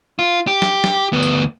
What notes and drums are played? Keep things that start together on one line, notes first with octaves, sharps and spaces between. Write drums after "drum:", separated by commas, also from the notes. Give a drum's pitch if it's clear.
F4
G4
drum: snare
drum: snare
D2 B3
drum: tambourine